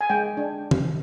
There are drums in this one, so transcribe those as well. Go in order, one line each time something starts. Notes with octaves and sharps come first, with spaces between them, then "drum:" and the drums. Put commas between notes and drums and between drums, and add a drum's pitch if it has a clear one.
G#5
G#3 G5
D4
drum: tom